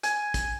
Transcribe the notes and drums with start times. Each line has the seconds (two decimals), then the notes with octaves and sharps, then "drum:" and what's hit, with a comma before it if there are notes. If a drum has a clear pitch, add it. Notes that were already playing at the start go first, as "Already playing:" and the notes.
0.03 G#5, drum: hi-hat
0.34 drum: kick, hi-hat